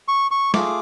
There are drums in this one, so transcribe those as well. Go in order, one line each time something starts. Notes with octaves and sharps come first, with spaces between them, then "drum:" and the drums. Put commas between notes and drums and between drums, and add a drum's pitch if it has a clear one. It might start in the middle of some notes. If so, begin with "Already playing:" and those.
C#6
C#6
A3 F4 G#4 D6, drum: snare